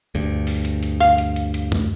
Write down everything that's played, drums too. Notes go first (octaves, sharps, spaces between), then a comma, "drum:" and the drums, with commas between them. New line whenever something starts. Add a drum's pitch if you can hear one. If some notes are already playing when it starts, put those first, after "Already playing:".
D2 G2
drum: open hi-hat
drum: hi-hat
drum: hi-hat
F5, drum: rim click
drum: hi-hat
drum: hi-hat
drum: hi-hat
drum: tom F#2